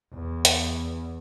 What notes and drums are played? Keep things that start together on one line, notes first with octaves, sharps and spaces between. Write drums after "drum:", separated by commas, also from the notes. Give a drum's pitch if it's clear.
E2
drum: hi-hat